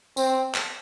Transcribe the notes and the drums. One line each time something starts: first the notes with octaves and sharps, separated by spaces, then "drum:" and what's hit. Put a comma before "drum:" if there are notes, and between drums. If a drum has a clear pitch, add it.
C4, drum: tambourine
drum: clap